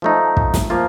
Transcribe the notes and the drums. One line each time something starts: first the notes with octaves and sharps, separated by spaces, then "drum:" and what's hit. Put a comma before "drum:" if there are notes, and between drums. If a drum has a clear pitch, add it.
F3 A3 D#4
drum: kick
drum: snare
F3 A#3 F4